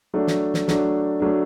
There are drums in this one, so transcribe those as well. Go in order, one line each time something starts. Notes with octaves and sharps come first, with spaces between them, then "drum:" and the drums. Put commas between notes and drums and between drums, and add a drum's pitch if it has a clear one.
F#3 A3 D4
drum: snare
drum: snare
F#3 A3 D4, drum: snare
F#3 A3 D4